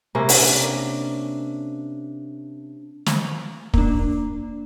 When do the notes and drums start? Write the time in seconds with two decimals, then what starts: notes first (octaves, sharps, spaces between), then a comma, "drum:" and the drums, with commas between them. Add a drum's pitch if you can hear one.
0.15 C3 A#3 C#4
0.29 D4, drum: open hi-hat
3.06 drum: snare
3.74 A#3 D4, drum: kick